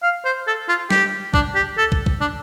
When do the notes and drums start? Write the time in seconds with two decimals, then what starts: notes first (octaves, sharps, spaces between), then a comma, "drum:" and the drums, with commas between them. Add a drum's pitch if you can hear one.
0.03 F5
0.25 C5
0.47 A4
0.69 F4
0.90 G4, drum: snare
1.34 D4, drum: kick
1.55 G4
1.78 A4
1.92 drum: kick
2.06 drum: kick
2.21 D4